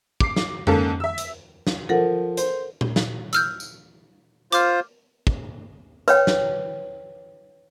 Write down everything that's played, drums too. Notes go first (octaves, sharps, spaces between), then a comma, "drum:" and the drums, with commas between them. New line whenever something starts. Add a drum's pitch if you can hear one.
D6 C7, drum: kick
drum: snare
G#2 A#3 C#4 A4, drum: tom F2
E5 E6
drum: hi-hat
drum: snare
F3 A4 A#4 F#5
C5, drum: hi-hat
drum: tom A#2
drum: snare
E6 F6 G6, drum: hi-hat
drum: tambourine
F4 C5 D6 F6, drum: hi-hat
drum: kick
B4 C#5 G5, drum: hi-hat
drum: snare